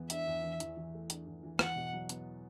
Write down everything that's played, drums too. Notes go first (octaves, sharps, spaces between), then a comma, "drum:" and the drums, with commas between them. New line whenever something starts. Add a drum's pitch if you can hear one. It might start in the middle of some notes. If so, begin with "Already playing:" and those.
Already playing: E2 E3 B3
D4 E5, drum: hi-hat
E2
E3
E2, drum: hi-hat
E3
A3
D4, drum: hi-hat
E2
E3
E2 F#5, drum: rim click
B2
F#3
B3, drum: hi-hat